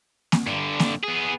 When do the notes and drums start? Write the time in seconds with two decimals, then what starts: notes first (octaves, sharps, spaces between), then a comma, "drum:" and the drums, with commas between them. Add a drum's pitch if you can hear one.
0.32 drum: snare A#3
0.47 G2 D3
0.80 drum: snare A#3
1.03 B3 G#4